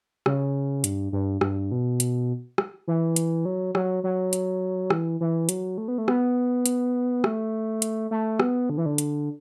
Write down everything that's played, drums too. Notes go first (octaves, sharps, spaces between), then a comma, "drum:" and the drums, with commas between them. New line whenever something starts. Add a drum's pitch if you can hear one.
C#3, drum: rim click
G2, drum: hi-hat
G2
G2, drum: rim click
B2
drum: hi-hat
drum: rim click
E3
drum: hi-hat
F#3
F#3, drum: rim click
F#3
drum: hi-hat
E3, drum: rim click
E3
F#3, drum: hi-hat
A3
B3
A3
B3, drum: rim click
drum: hi-hat
A3, drum: rim click
drum: hi-hat
A3
B3, drum: rim click
D3
E3
D3
drum: hi-hat